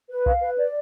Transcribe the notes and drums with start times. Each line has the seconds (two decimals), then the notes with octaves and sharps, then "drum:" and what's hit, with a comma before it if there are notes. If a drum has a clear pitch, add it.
0.09 B4
0.26 F5, drum: kick B1
0.42 B4
0.58 D5